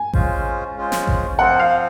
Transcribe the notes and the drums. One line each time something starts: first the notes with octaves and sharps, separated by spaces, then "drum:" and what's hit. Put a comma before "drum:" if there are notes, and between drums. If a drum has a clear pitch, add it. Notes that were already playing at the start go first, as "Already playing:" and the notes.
Already playing: G#5
G#3 C#4 F4 C5, drum: kick A1
G#3 C#4 F4 C5
drum: snare
drum: kick A1
F3 C4 F4 C5 F#5
F5